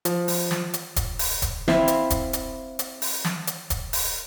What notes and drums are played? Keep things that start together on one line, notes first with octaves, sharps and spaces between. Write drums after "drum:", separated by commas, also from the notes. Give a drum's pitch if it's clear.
F3, drum: hi-hat
drum: open hi-hat
drum: snare
drum: hi-hat
drum: kick D#1, hi-hat
drum: open hi-hat
drum: kick D#1, hi-hat
C4 E4 E5 F5, drum: snare
drum: hi-hat
drum: kick D#1, hi-hat
drum: hi-hat
drum: hi-hat
drum: open hi-hat
drum: snare
drum: hi-hat
drum: kick D#1, hi-hat
drum: open hi-hat